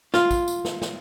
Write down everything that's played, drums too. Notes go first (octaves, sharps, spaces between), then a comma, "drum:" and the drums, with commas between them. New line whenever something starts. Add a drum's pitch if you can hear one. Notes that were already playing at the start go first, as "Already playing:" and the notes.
F4, drum: snare
drum: kick, tambourine
drum: tambourine
drum: snare
drum: snare